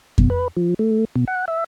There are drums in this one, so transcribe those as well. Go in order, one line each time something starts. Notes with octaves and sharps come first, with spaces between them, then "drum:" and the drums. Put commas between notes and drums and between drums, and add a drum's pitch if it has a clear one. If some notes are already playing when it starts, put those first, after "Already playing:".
B2, drum: kick F2
B4
F3
A3
B2
F#5
E5